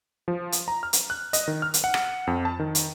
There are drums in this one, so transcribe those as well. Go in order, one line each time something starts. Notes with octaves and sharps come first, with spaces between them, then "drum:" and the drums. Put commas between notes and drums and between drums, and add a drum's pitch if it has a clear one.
F3
drum: hi-hat
A#5
F6
drum: hi-hat
F#6
D#5, drum: hi-hat
D#3
F6
drum: hi-hat
F#5
drum: rim click
F2
A5
D#3
drum: hi-hat